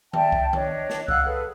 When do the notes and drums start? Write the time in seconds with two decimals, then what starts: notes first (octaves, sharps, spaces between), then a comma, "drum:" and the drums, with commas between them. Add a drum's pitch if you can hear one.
0.13 D5 E5 G5 A5, drum: tom D#3
0.32 drum: kick C2
0.53 D4 C#5 D#5, drum: tom D#3
0.89 drum: snare
1.08 F5 F#5 E6 F#6, drum: kick C2
1.24 G#4 A4 B4